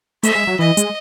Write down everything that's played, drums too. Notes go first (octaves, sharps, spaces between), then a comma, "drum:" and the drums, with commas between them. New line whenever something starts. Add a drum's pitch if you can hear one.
A3 E5, drum: hi-hat
G#3
F#3
E3 D#5
G#3, drum: hi-hat